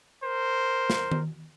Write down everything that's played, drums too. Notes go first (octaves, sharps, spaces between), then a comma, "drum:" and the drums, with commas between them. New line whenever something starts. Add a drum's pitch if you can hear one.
A#4 C5
drum: snare
drum: tom D#3